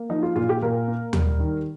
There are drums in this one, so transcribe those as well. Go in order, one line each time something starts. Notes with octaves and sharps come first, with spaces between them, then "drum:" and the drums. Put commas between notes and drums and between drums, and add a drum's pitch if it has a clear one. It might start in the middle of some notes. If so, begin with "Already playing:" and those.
Already playing: A#3
F3 D#4
F4
A#2 F4
G4
A#2 A#4
A#3
G3, drum: tom D#2
D#3